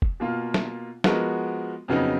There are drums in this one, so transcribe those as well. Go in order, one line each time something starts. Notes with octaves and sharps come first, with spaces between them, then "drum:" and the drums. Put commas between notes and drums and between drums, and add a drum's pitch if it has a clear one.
drum: kick
B2 A#3 F4
drum: snare
F3 G#3 B3 F#4 A#4, drum: snare
F2 C#3 F#3 B3 D#4